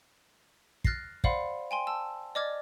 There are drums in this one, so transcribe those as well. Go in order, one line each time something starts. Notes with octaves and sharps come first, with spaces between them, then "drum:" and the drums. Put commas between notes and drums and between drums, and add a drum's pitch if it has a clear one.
F6 F#6 A6 A#6 C7, drum: kick
C5 D5 F5 F#5 B5 C6, drum: kick
G5 G#5 C6
A5 E6
D5 D#5 D6 F6 G#6 A6